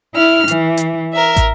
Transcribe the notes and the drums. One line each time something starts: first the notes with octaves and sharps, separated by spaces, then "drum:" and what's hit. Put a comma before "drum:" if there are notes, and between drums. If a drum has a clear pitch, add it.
E4 F6
E3, drum: hi-hat
drum: hi-hat
A#4 E5
drum: kick, hi-hat